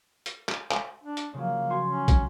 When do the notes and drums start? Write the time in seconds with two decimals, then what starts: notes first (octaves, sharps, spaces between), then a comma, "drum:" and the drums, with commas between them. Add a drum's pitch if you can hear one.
0.26 drum: hi-hat
0.49 drum: clap
0.71 drum: clap
1.03 D4
1.17 drum: hi-hat
1.34 C#3 F3 F#3 A#3
1.70 F#4 G#5 C6
1.85 C#4
2.08 F#5, drum: kick, hi-hat